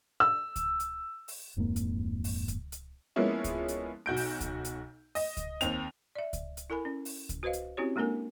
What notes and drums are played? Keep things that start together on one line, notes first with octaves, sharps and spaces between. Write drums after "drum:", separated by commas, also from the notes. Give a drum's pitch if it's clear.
E6
drum: kick C#2, hi-hat
drum: hi-hat
drum: open hi-hat
D1 F2 G#2 A#3
drum: hi-hat
drum: open hi-hat
drum: kick C#2, hi-hat
drum: hi-hat
F3 G#3 A#3 B3 C#4 E4
drum: kick C#2, hi-hat
drum: hi-hat
B1 F#4 G6 D7
drum: open hi-hat
drum: kick C#2, hi-hat
drum: hi-hat
D#5, drum: open hi-hat
drum: kick C#2, hi-hat
D#2 C4 F7, drum: hi-hat
D5 E5
drum: kick C#2, hi-hat
drum: hi-hat
E4 A4 A#4 G#5 B5
C#4
drum: open hi-hat
drum: kick C#2, hi-hat
F#4 B4 C5 D#5 F5
drum: hi-hat
C4 C#4 E4 F#4 G4 C#5
G#3 A#3 D4 A4 A#4 G#5